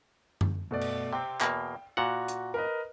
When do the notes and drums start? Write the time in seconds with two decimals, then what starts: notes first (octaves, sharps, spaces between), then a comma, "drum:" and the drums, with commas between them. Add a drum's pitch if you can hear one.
0.41 drum: tom F#2
0.71 B2 A3 D5
0.81 drum: cymbal
1.13 C3 C4 G5
1.41 E2 B2 A#3, drum: clap
1.97 A#2 F#4 F#5
2.28 drum: hi-hat
2.54 A#4 B4 D#5